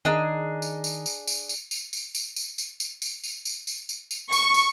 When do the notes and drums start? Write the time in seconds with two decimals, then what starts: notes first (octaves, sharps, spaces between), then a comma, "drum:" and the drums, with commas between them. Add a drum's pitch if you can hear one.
0.05 D#3 D4 G#4 D#5 A#5
0.62 drum: tambourine
0.84 drum: tambourine
1.06 drum: tambourine
1.27 drum: tambourine
1.49 drum: tambourine
1.71 drum: tambourine
1.93 drum: tambourine
2.15 drum: tambourine
2.36 drum: tambourine
2.58 drum: tambourine
2.80 drum: tambourine
3.02 drum: tambourine
3.24 drum: tambourine
3.45 drum: tambourine
3.67 drum: tambourine
3.89 drum: tambourine
4.11 drum: tambourine
4.32 C#6, drum: tambourine
4.54 drum: tambourine